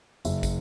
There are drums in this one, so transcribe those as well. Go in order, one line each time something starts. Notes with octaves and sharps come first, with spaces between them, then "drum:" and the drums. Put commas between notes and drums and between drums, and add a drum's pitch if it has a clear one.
F#1 E5, drum: tambourine
drum: kick, tambourine